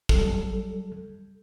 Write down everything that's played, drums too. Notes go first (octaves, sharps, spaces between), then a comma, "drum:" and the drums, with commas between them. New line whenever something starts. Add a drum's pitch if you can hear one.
F#3 G3 A4, drum: kick